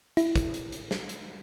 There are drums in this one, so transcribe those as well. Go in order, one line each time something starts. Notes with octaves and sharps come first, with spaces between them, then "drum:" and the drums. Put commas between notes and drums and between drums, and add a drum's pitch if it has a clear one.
E4, drum: hi-hat
drum: kick, hi-hat
drum: hi-hat
drum: hi-hat
drum: snare
drum: hi-hat